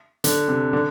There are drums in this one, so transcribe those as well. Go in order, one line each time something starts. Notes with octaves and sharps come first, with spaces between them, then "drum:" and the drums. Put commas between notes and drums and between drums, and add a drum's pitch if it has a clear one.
D3, drum: hi-hat
C3
D3